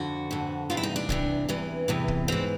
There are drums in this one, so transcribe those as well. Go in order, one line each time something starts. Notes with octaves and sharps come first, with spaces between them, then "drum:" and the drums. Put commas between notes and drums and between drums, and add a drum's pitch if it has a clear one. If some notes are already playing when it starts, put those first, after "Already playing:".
Already playing: F2 D3 F#4
F2 D3
E2 C3 E3 F4
E4
D#4
D4
E2 C3 E3, drum: kick
E2 C3 E3
E2 C3 E3
drum: kick
G#2 E3 C4